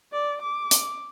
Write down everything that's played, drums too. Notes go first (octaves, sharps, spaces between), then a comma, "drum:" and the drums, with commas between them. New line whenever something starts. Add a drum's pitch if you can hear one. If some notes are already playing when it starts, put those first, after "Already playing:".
D5
D6
drum: hi-hat